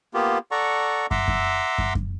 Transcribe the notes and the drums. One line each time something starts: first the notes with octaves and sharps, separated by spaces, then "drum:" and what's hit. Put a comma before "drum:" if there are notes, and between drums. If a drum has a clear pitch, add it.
A#3 B3 F4 G4
A4 D5 F#5 A#5 C#6
E5 F#5 A#5 C6 D6 E6, drum: kick
drum: kick
drum: kick
drum: kick